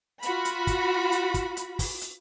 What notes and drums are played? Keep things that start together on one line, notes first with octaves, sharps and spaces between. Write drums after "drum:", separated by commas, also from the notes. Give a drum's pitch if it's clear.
F4 F#4 B5, drum: hi-hat
drum: hi-hat
drum: kick, hi-hat
drum: hi-hat
drum: kick, hi-hat
drum: hi-hat
drum: kick, open hi-hat
drum: hi-hat